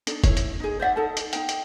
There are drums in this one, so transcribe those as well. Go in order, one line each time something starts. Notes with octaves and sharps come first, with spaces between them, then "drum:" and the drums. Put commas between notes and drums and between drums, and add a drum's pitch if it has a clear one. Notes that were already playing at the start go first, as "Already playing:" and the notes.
D4 D#4 A4, drum: hi-hat
E4 C#5, drum: kick F1, hi-hat
drum: hi-hat
D#4 G#4
C5 D5 E5 F#5
D#4 A4 A5
drum: hi-hat
D#4 G5, drum: hi-hat
drum: hi-hat